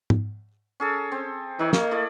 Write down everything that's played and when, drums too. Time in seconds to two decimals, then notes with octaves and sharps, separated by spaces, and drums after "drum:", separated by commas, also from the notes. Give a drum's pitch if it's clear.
0.10 drum: tom G#2
0.80 C#4 G#4 A4
1.12 C4
1.59 E3 D#4 C#5
1.73 A#3, drum: snare
1.91 A3 E4 D5